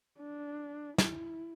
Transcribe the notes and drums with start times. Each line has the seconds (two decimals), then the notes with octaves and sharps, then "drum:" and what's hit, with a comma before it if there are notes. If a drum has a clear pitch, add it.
0.19 D4
0.98 E4, drum: snare